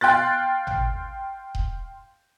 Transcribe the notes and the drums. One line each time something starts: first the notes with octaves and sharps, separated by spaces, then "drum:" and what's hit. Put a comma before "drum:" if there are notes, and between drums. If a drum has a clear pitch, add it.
F5 G5 C6 F#6 A6
drum: tom G#1
drum: kick D#1